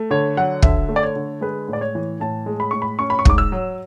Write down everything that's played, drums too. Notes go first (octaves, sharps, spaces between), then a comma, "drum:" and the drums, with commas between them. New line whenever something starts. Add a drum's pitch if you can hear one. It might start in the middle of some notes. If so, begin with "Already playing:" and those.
Already playing: A3
D3 C#5
F#3 F#5
D3 E5, drum: kick
A3
D5
C#5
D3
G#3 B4
A2 D5
C#5
E3
A2 A5
G#3
B5
A2 C#6
B5
C#4 C#6
B5
C#6
G#2 D6, drum: kick
E6
F#3